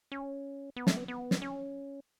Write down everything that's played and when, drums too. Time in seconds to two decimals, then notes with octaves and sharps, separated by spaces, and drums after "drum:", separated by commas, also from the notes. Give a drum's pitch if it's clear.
0.12 C#4
0.76 B3
0.87 A3, drum: snare
0.97 B3
1.08 B3
1.31 drum: snare
1.42 C#4